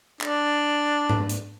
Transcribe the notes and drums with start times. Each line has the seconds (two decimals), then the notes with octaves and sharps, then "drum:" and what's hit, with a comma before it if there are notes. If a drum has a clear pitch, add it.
0.21 D4, drum: clap
1.09 drum: tom G#2
1.29 drum: hi-hat